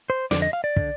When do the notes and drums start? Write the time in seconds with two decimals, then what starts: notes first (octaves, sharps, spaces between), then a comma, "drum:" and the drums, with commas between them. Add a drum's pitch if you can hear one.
0.10 C5
0.31 F2 D3 D5, drum: snare
0.42 D#5
0.53 F5
0.64 D5
0.76 D3, drum: kick